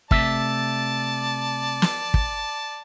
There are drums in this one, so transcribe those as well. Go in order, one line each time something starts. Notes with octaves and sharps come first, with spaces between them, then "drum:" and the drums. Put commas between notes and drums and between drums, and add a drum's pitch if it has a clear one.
C3 A3 D5 E5 A5, drum: kick
drum: snare
drum: kick